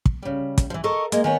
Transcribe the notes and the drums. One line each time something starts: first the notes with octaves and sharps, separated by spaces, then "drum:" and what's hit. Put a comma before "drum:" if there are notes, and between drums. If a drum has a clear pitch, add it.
drum: kick
C#3 G3
drum: kick, hi-hat
E3 F3
A4 A#4 D#5 C#6
G#3 A#3 D#5, drum: hi-hat
D#3 B3 C#5 G#5